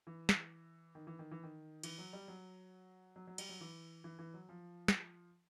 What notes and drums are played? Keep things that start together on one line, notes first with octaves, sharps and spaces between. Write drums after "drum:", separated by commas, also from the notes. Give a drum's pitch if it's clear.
E3
drum: snare
D#3
E3
D#3
E3
D#3
E3, drum: cymbal
F#3
G3
F#3
F#3
F#3
G3, drum: cymbal
F#3
E3
E3
E3
F#3
F3
drum: snare